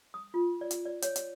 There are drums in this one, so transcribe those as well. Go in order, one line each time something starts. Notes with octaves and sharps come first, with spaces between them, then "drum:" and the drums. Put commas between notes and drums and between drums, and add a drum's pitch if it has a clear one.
D#6
F4
D5
drum: hi-hat
D5
C#5, drum: hi-hat
drum: hi-hat